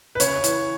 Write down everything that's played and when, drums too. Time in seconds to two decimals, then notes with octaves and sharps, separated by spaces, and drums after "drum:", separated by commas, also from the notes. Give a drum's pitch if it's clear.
0.15 B4
0.20 C#3 C#5, drum: hi-hat
0.44 E3, drum: hi-hat